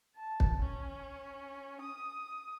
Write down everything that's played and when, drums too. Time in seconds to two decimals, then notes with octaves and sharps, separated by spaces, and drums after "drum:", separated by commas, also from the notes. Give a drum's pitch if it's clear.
0.16 A5
0.40 drum: kick
0.59 C#4
1.81 D#6